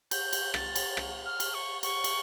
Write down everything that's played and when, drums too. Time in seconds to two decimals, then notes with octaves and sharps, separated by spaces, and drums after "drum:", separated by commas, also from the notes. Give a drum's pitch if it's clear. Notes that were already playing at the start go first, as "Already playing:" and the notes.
0.11 G6, drum: cymbal
0.33 drum: cymbal
0.54 A6, drum: rim click
0.76 drum: cymbal
0.97 drum: rim click
1.26 F6
1.40 drum: cymbal
1.54 C#6
1.83 C#6, drum: cymbal
2.04 drum: cymbal